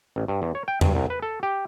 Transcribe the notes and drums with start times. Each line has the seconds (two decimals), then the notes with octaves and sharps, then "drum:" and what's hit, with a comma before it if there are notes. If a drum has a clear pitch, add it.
0.16 A1
0.28 G2
0.42 E2
0.55 C#5
0.68 G5
0.81 G2, drum: tom E2
0.95 C2
1.10 B4
1.22 A4
1.43 G4